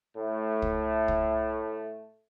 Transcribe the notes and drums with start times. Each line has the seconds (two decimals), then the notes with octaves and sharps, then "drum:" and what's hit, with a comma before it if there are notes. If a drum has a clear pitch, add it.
0.16 A2 A3
0.62 drum: kick
1.08 drum: kick